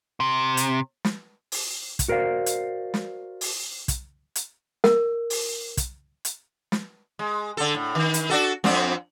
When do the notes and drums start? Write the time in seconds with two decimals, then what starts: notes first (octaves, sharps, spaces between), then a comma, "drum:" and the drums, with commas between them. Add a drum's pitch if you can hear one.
0.20 C3
0.57 drum: hi-hat
1.04 drum: snare
1.52 drum: open hi-hat
1.99 drum: kick, hi-hat
2.08 F#4 A#4 C5 D5 F5
2.46 drum: hi-hat
2.94 drum: snare
3.41 drum: open hi-hat
3.88 drum: kick, hi-hat
4.35 drum: hi-hat
4.84 A#4, drum: snare
5.30 drum: open hi-hat
5.77 drum: kick, hi-hat
6.25 drum: hi-hat
6.72 drum: snare
7.19 G#3
7.57 D3 A4
7.74 A2
7.95 D#3
8.14 drum: hi-hat
8.30 D4 F#4 A4
8.64 F2 C4 D4, drum: snare